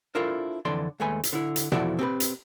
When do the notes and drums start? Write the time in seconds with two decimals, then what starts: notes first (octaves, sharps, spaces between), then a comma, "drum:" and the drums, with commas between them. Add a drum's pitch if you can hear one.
0.15 D4 E4 F4 A4 A#4 C5
0.65 F2 D3 E3 A4 D5 C6
1.00 D#2 G#3 A3 B4 G#5
1.23 drum: hi-hat
1.33 D3 E4
1.56 drum: hi-hat
1.72 E2 F3 E4 F#4 A4 D5, drum: tom B2
1.99 C4 G4 A4 B4
2.20 drum: hi-hat